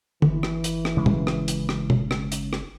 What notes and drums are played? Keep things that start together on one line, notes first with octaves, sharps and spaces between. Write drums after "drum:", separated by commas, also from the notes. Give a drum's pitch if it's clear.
G1 E3, drum: tom
drum: rim click
drum: hi-hat
drum: rim click
C#3 G#3 C#4
drum: tom A#2
drum: rim click
drum: hi-hat
drum: rim click
drum: tom B2
drum: rim click
drum: hi-hat
drum: rim click